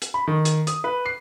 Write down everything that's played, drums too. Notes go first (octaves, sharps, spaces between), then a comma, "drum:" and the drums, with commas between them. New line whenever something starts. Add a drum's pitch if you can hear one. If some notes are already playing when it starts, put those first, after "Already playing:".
drum: hi-hat
B5
D#3
drum: hi-hat
D#6, drum: hi-hat
B4
C7